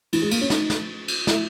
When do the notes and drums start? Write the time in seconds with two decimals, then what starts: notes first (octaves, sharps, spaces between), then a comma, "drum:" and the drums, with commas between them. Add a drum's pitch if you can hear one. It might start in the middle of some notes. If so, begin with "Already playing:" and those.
0.13 E3, drum: cymbal
0.22 G#3
0.31 A#3, drum: cymbal
0.41 C#4
0.50 D#4, drum: snare
0.70 drum: snare
1.08 drum: cymbal
1.27 E4, drum: snare